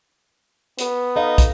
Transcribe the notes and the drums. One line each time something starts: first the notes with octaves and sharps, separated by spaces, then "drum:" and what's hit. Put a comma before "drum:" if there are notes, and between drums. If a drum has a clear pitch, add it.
B3, drum: hi-hat
D#4 A4 D#5 F5
drum: kick, hi-hat